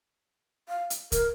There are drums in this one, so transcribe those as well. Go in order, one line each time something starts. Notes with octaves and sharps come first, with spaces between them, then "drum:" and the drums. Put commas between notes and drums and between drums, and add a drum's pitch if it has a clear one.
F5
drum: hi-hat
A#4, drum: kick, hi-hat